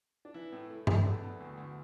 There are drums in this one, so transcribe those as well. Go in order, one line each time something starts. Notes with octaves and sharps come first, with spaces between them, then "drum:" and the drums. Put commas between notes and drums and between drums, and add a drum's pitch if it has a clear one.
D4
E3 E4
A2
A3
A3, drum: tom G2
E2 D4
E2
D2
D2